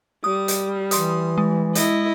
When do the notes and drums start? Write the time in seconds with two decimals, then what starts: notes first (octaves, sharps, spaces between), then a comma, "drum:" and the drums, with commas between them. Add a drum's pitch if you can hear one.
0.24 G3 D#6
0.48 drum: hi-hat
0.91 E3 C6 D#6, drum: hi-hat
1.38 G#3
1.75 E4 D#5, drum: hi-hat